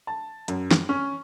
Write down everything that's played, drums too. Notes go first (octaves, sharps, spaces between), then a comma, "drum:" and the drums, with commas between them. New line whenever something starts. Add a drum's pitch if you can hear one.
A5
F#2, drum: hi-hat
drum: snare
C#4